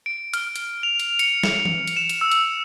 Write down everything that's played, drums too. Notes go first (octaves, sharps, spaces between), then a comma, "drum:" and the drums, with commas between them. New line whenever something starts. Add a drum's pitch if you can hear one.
D7
F6, drum: hi-hat
drum: hi-hat
F7
drum: hi-hat
C#7, drum: hi-hat
drum: snare
drum: tom E3
drum: hi-hat
E7
drum: hi-hat
E6
drum: hi-hat